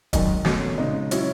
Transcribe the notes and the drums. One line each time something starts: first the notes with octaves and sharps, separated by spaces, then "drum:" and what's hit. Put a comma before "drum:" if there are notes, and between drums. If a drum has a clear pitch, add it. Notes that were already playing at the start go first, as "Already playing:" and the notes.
F#2 D#3 G#3 D#4, drum: kick, hi-hat
B2 A3 C#4, drum: snare
C#3 G#3 D#4
F#3 C#4 E4, drum: hi-hat